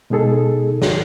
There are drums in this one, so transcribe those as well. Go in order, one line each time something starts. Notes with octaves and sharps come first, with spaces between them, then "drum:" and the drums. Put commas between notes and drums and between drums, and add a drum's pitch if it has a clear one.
B2 G#3 D#4 G#4 A4
drum: snare